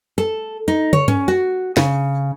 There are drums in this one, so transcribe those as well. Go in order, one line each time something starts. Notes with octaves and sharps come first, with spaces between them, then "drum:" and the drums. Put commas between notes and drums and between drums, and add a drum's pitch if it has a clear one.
A4
D#4
C#5, drum: tom
C#4, drum: tom G2
F#4
C#3, drum: snare